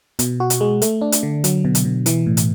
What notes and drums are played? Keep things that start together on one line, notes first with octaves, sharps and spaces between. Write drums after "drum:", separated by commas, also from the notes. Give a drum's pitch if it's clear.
B2, drum: hi-hat
F#4
drum: hi-hat
G#3
A3, drum: hi-hat
D4
drum: hi-hat
D3
F#3, drum: hi-hat
B2
drum: hi-hat
B2
E3, drum: hi-hat
A2
drum: hi-hat